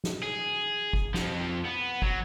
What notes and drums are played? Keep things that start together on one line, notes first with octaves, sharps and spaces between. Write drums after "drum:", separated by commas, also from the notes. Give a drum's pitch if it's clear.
drum: snare
G#4
drum: kick
F2 F3, drum: snare
B3
F#3, drum: kick